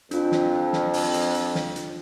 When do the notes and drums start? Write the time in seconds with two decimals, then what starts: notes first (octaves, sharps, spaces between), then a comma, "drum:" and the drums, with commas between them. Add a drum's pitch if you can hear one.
0.11 F2 D4 F4, drum: hi-hat
0.32 drum: snare
0.73 drum: snare
0.93 drum: open hi-hat
1.14 drum: hi-hat
1.35 drum: hi-hat
1.55 drum: snare
1.76 drum: hi-hat